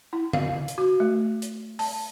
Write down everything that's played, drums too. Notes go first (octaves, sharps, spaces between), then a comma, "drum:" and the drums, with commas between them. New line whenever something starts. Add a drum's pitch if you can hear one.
E4
F5, drum: tom
drum: hi-hat
F#4
A3
drum: hi-hat
A5, drum: open hi-hat